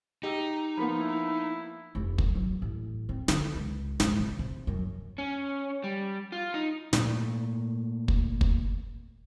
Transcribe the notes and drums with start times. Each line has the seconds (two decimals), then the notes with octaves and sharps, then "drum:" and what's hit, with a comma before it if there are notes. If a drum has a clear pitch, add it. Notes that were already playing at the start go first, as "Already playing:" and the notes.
0.23 D#4 G4 E6
0.77 F3 A#3 B3 B5
0.98 E4
1.95 F1
2.18 F#2, drum: kick
2.35 F#3
2.62 A1
3.09 C4
3.28 D3, drum: snare
3.55 C#2
4.00 G#2, drum: snare
4.19 C#3
4.39 C3
4.67 F#2
5.18 C#4
5.84 G3
6.32 F4
6.54 D#4
6.93 A#2 A3, drum: snare
8.08 drum: kick
8.41 drum: kick